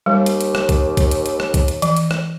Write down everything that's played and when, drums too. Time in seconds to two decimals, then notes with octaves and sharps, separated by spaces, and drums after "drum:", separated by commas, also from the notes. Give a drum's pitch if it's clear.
0.06 D#2 G3
0.26 drum: hi-hat
0.41 drum: hi-hat
0.55 drum: rim click
0.69 drum: kick, hi-hat
0.97 drum: kick, hi-hat
1.11 drum: hi-hat
1.26 drum: hi-hat
1.40 drum: rim click
1.54 drum: kick, hi-hat
1.68 drum: hi-hat
1.82 E3, drum: hi-hat
1.97 drum: hi-hat
2.11 drum: rim click